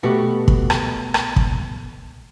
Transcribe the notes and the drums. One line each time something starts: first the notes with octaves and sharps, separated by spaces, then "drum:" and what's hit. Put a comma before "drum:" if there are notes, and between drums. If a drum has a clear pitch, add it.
B2 A3 B3 F#4 G4
drum: kick
drum: rim click
drum: rim click
drum: kick